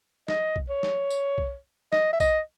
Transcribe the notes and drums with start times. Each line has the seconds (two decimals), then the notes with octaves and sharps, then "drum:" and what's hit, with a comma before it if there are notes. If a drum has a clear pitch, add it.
0.28 D#5, drum: snare
0.56 drum: kick B1
0.69 C#5
0.83 drum: snare
1.10 drum: tambourine
1.38 drum: kick B1
1.93 D#5, drum: snare
2.13 E5
2.20 D#5, drum: kick B1, tambourine